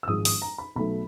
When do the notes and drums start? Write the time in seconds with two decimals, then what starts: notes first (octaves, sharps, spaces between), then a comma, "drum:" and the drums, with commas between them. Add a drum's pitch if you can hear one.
0.03 E6
0.08 G#1 G#2 F3 G#3 D#6
0.25 D#6, drum: open hi-hat
0.42 A#5
0.58 B5
0.76 B1 B2 F#3 A3 B5